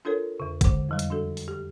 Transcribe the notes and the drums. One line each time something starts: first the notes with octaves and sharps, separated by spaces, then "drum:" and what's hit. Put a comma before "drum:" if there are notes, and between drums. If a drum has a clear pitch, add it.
D4 F4 A4 A#4 C#5
E2 C#3
D3 G#3, drum: kick, hi-hat
F2 F3 G3
drum: hi-hat
D4 F#4 A4
drum: open hi-hat
G4